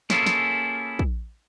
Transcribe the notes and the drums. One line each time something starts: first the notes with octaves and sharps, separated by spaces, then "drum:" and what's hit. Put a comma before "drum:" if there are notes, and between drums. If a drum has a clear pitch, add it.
A#3 C#4 E4 F4 G#4 A4, drum: snare
drum: snare
drum: kick